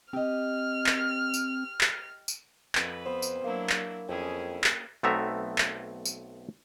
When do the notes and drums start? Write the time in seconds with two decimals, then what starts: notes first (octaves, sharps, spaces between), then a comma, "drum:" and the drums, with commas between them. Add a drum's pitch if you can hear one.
0.13 C4 G4 D#5 F6
0.86 drum: clap
1.34 drum: tambourine
1.81 drum: clap
2.28 drum: tambourine
2.75 F2 B4, drum: clap
3.06 B3 C5
3.22 drum: tambourine
3.44 F#3 A#3 D4 E4
3.70 drum: clap
4.09 F2 C#4 E4 G#4 G5 D#6
4.64 drum: clap
5.03 B1 A3 B3 C4 E5 A#5
5.58 drum: clap
6.05 drum: tambourine